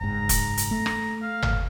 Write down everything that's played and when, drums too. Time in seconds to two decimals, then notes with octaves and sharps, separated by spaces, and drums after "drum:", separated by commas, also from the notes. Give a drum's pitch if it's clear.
0.01 F#1 G#2 A#5
0.29 drum: kick E1, hi-hat
0.57 drum: hi-hat
0.71 A3
0.86 drum: rim click
1.22 F5
1.42 drum: tom G1